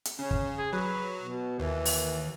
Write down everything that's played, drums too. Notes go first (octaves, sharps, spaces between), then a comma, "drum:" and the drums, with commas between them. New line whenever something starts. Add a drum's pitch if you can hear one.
drum: hi-hat
C#3 C#4
drum: kick
G#4
F#3 B4
B2
D#2 E3
drum: open hi-hat